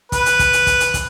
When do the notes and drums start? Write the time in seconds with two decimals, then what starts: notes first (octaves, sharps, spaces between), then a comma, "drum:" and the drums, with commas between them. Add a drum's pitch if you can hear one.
0.12 B4, drum: kick, hi-hat
0.26 drum: hi-hat
0.39 drum: kick, hi-hat
0.53 drum: hi-hat
0.67 drum: kick, hi-hat
0.80 drum: hi-hat
0.94 drum: kick, hi-hat